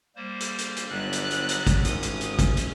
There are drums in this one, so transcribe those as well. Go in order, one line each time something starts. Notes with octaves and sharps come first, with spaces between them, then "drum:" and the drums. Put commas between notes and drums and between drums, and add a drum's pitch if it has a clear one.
G3 A#3 C5
drum: hi-hat
drum: hi-hat
drum: hi-hat
G1 F#3 G3 B3 F#6
drum: hi-hat
drum: hi-hat
drum: hi-hat
drum: kick, hi-hat
G#1 C#4 D#6, drum: hi-hat
drum: hi-hat
drum: hi-hat
drum: kick, hi-hat
drum: hi-hat